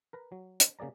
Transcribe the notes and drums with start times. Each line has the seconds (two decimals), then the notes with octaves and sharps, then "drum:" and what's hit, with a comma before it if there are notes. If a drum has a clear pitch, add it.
0.13 A#4 B4 A#5
0.32 F#3
0.60 drum: hi-hat
0.79 C#3 A#3 G#4 D5 A#5